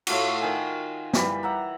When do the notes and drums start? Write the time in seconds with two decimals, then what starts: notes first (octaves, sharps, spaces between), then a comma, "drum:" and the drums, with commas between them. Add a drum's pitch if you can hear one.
0.07 A2 A3 F4 F#4, drum: cymbal
0.41 D#3 G#5
1.13 E3 G3 B5, drum: snare
1.43 E5 F#5 A#5